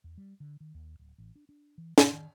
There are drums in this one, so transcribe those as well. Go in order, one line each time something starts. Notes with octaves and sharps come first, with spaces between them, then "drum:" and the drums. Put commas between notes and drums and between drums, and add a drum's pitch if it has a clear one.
E2
G3
D3
D#3
D#2
D1
A1
D4
D4
E3
C3, drum: snare
D#3